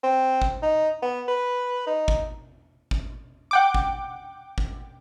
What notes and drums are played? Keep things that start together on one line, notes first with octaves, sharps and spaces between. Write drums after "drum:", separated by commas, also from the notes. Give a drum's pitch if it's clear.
C4
drum: kick G#1
D#4
B3
B4
D#4
drum: kick G#1
drum: kick G#1
F#5 G5 D6
drum: kick G#1
drum: kick G#1